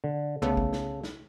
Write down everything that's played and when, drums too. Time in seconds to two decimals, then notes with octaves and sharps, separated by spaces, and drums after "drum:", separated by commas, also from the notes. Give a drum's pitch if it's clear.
0.04 D3
0.42 C2 C#3 A3 B3 A4
0.57 drum: kick
0.73 drum: snare
1.03 drum: snare